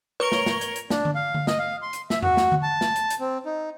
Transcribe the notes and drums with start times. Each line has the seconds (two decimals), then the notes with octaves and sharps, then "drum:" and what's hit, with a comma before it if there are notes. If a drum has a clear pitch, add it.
0.20 A#4 B4 C#5 C#6 G7
0.32 drum: snare
0.46 drum: snare
0.61 drum: hi-hat
0.76 drum: hi-hat
0.90 D4, drum: snare
1.05 drum: tom D3
1.15 F5
1.34 drum: tom D3
1.47 D#5, drum: snare
1.59 F5
1.82 C6
1.93 drum: hi-hat
2.10 E5, drum: snare
2.22 F#4, drum: tom E2
2.37 drum: snare
2.52 drum: tom D3
2.63 A5
2.81 drum: snare
2.96 drum: hi-hat
3.10 drum: hi-hat
3.20 C4
3.46 D#4